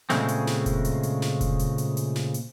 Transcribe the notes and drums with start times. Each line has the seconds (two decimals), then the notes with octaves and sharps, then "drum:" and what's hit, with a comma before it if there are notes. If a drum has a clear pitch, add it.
0.10 A#2 C#3 G#3 A3 C4, drum: snare
0.28 drum: hi-hat
0.47 drum: snare
0.66 drum: kick F1, hi-hat
0.85 drum: hi-hat
1.03 drum: hi-hat
1.22 drum: snare
1.41 drum: kick F1, hi-hat
1.59 drum: hi-hat
1.78 drum: hi-hat
1.97 drum: hi-hat
2.16 drum: snare
2.34 drum: hi-hat